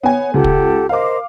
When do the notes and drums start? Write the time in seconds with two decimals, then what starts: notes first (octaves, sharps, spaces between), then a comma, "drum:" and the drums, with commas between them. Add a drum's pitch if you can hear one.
0.03 B3 C#5 G#5
0.34 C#2 G4 A4 F#5
0.44 drum: kick
0.89 A#4 C5 D#5 F5 D6